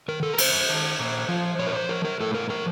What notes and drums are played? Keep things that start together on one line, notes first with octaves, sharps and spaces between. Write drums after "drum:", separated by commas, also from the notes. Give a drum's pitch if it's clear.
D#3 A#4
A4
A#4
F#2 C5, drum: cymbal
D#3
A#2
F3
A#2 C#5
A#4
C5
F3 A#4
A#4
A2 A4
A#4
F3 A#4